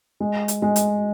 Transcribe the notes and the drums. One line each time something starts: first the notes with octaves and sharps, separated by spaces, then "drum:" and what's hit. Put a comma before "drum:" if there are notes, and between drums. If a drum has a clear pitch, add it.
G#3
drum: hi-hat
G#3
drum: hi-hat